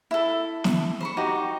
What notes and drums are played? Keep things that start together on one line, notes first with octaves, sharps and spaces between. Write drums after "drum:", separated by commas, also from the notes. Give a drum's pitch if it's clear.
E4 A4
drum: snare
C5 B5 C#6
D#4 F#4 G4